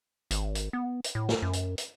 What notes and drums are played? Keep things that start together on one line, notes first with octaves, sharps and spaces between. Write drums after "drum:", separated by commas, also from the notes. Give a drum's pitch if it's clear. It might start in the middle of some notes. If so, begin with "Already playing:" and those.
G#1, drum: hi-hat
drum: hi-hat
B3
drum: hi-hat
A2
drum: snare
F#2
drum: hi-hat
drum: hi-hat